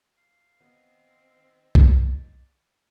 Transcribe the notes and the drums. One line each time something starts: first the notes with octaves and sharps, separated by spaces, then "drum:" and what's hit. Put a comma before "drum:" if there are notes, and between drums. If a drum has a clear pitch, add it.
F5
D#3 B3 C4 D#5
D5, drum: kick B1